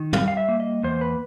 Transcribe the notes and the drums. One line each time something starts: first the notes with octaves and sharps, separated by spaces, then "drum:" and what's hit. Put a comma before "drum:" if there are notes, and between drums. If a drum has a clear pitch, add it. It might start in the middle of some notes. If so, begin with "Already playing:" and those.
Already playing: D#3
G3 F5, drum: tom
F5
E5
A#3
D#5
E2 C5
B4